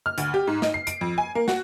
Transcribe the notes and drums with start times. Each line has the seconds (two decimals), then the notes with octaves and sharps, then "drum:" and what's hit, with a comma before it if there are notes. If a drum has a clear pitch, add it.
0.06 F6
0.18 D2, drum: hi-hat
0.34 G4
0.47 G#2
0.62 D#4, drum: snare
0.74 C7
0.87 D7, drum: hi-hat
1.01 F2
1.18 G#5
1.35 A#3
1.48 F#4, drum: snare